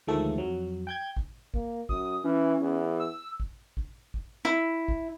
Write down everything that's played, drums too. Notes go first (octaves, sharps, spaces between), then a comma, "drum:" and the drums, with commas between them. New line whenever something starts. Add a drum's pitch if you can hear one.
D2 D#3 F3 G#3 A3 A4
F2 F#3
G5 G6 G#6
drum: kick
A#3, drum: kick
F#2 D#6, drum: kick
E3 C#4
E2
E6
drum: kick
drum: kick
drum: kick
E4
drum: kick